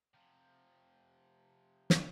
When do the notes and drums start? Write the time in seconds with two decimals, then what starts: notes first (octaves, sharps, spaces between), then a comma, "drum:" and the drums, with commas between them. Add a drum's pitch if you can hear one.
0.14 C3 F3
1.90 drum: snare